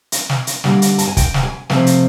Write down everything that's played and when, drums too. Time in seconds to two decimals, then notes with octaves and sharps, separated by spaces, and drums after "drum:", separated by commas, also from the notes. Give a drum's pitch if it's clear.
0.12 drum: hi-hat
0.29 drum: snare
0.47 drum: hi-hat
0.64 D3 G3 A#3, drum: snare
0.82 drum: hi-hat
0.98 A5, drum: hi-hat
1.08 G#5
1.17 G5, drum: kick, hi-hat
1.34 drum: snare
1.43 G#5
1.70 C3 F3 A3 C4, drum: snare
1.87 drum: hi-hat